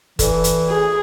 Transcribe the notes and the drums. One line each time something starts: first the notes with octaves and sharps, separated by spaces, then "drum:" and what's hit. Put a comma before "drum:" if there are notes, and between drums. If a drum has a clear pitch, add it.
E3 A4 D5, drum: kick, hi-hat
drum: hi-hat
G#4